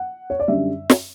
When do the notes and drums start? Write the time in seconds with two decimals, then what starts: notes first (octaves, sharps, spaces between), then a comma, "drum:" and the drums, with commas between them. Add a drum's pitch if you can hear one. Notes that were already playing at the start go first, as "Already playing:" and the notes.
Already playing: F#5
0.30 C#5
0.40 D5
0.48 F#2 D3 G3 E5
0.90 drum: snare